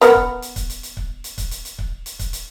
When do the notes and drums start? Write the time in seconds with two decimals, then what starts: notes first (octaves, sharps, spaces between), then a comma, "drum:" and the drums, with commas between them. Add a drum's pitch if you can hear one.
0.01 B3 A#4 F#5, drum: hi-hat
0.15 drum: kick C#1
0.42 drum: hi-hat
0.56 drum: kick C#1, hi-hat
0.70 drum: hi-hat
0.83 drum: hi-hat
0.97 drum: kick C#1
1.24 drum: hi-hat
1.38 drum: kick C#1, hi-hat
1.51 drum: hi-hat
1.65 drum: hi-hat
1.79 drum: kick C#1
2.06 drum: hi-hat
2.19 drum: kick C#1, hi-hat
2.33 drum: hi-hat